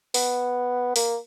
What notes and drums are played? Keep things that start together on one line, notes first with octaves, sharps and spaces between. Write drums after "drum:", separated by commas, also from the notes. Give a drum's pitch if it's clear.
B3, drum: open hi-hat
A#3, drum: open hi-hat